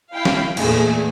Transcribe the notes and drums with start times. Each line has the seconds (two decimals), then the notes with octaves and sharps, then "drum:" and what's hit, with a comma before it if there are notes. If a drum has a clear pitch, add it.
0.12 E4 F5 G5
0.25 drum: snare
0.57 E2 A#2 A3 G#4, drum: cymbal